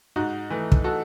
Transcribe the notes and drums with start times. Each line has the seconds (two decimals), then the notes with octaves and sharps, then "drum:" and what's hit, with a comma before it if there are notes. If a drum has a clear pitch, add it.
0.16 G#2 D#4 F#4
0.50 E3 A3
0.72 drum: kick
0.84 F#4 A4